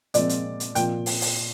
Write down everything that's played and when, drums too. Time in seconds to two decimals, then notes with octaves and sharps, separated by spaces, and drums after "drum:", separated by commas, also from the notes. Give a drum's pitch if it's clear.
0.14 A#2 F3 G#3 C4 D5, drum: hi-hat
0.29 drum: hi-hat
0.60 drum: hi-hat
0.75 A#2 F3 G5, drum: hi-hat
1.06 drum: open hi-hat
1.21 drum: open hi-hat